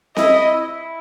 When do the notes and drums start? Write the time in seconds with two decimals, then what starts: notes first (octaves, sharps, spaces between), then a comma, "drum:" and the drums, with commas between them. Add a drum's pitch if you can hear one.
0.16 E4 D#5, drum: snare C4
0.54 E4